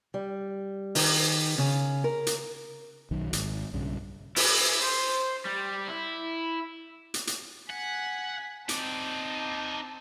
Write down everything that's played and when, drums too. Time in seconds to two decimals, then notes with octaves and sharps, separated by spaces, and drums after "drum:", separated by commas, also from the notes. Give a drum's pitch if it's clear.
0.14 G3
0.95 D#3, drum: open hi-hat
1.58 C#3
2.04 A#4
2.27 drum: hi-hat
3.11 B1 D#3 F#3
3.33 G#1, drum: hi-hat
3.73 B1 G2 C#3
4.36 E4, drum: open hi-hat
4.81 C5
5.45 G3
5.88 E4
7.14 drum: hi-hat
7.27 drum: hi-hat
7.70 F#5 G#5 B6
8.69 C4 D#4 D5 A5, drum: hi-hat